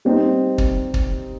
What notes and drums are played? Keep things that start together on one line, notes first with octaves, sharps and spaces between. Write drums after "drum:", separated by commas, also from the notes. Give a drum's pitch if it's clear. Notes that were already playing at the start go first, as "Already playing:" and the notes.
G3 C4 D#4
drum: kick
drum: kick